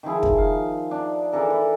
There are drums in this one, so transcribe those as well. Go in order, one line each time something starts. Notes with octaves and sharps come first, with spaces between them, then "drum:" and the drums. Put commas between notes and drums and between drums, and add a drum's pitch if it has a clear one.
D#3 F3 E4 G#4
drum: kick
F5
D4
E3 D4 A4 A#4
E4